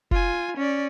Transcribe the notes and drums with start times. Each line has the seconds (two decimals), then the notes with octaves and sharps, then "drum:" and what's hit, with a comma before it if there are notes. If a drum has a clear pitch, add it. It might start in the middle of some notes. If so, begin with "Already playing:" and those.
0.11 F4 G#5, drum: kick F1
0.57 C#4 D5